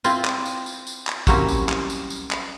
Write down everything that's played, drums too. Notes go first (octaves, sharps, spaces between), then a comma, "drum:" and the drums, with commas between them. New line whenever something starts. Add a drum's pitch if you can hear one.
C4 E4 F4, drum: tambourine
drum: clap
drum: tambourine
drum: tambourine
drum: tambourine
drum: clap
F#3 G3 A#3 C4 C#4 E4, drum: kick, tambourine
drum: tambourine
drum: clap
drum: tambourine
drum: tambourine
drum: clap